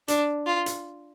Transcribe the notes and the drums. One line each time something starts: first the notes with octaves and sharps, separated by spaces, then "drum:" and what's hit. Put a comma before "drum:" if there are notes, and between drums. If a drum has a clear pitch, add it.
D4, drum: hi-hat
F4
drum: hi-hat